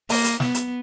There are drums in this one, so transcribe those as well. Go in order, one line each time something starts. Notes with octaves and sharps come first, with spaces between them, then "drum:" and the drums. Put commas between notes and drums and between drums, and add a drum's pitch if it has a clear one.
A#3, drum: open hi-hat
drum: hi-hat
B3, drum: snare
drum: hi-hat